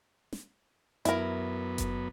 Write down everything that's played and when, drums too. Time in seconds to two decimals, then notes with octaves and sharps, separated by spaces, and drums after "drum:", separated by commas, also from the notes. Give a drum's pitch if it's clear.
0.33 drum: snare
1.05 F#2 B3 E4 A#4, drum: hi-hat
1.78 drum: kick F#1, hi-hat